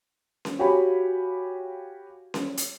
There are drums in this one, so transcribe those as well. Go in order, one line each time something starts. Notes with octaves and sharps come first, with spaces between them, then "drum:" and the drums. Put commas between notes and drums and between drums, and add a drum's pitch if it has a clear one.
drum: snare C#4
F#4 G4 C#5 F5 G#5 B5
drum: snare C#4
drum: hi-hat